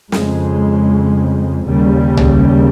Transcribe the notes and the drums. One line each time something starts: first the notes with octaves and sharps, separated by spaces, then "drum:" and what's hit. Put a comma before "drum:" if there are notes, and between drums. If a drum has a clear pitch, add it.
F2 C#3 G#3, drum: snare
D#2 C#3 G3
drum: tom C2